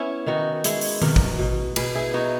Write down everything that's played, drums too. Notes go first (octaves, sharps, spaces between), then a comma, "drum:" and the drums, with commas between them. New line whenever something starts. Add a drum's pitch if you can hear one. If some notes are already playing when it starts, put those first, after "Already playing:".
Already playing: B3 C#4 E4
D#3 D#4 F#4
G#3 E4 G#4, drum: hi-hat
drum: open hi-hat
B2 F#4 A#4, drum: tom D#3
drum: kick
B2
B2 G#4 B4, drum: cymbal
E4 G#4
B3 D#4 F#4